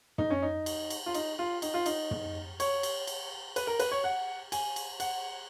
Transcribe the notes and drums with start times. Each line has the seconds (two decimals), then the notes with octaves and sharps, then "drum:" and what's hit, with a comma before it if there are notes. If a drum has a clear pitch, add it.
0.18 D#4, drum: tom
0.30 C#4
0.42 D#4
0.66 drum: cymbal
0.90 drum: cymbal
1.06 F4
1.14 D#4, drum: cymbal
1.39 F4
1.62 D#4, drum: cymbal
1.74 F4
1.86 D#4, drum: cymbal
2.11 drum: tom
2.60 C#5, drum: cymbal
2.83 drum: cymbal
3.07 drum: cymbal
3.56 B4, drum: cymbal
3.67 A#4
3.79 B4, drum: cymbal
3.91 C#5
4.04 F#5
4.52 G#5, drum: cymbal
4.76 drum: cymbal
5.00 F#5, drum: cymbal